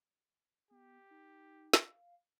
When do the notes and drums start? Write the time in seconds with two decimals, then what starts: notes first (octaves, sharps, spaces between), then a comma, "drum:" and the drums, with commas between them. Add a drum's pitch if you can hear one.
0.71 B3 G4
1.11 D#4
1.73 F5, drum: snare